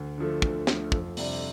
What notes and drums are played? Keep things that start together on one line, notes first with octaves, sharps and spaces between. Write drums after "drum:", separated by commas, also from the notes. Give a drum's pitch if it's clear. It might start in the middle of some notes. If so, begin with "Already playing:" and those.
Already playing: D2
D3 F3 A3
D2, drum: kick
D3 F3 A3, drum: snare
F2, drum: kick
C3 G3 D4, drum: open hi-hat